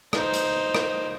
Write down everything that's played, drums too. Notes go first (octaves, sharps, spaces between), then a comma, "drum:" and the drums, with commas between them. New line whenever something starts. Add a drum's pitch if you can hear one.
D#4 C5, drum: rim click
drum: hi-hat
drum: rim click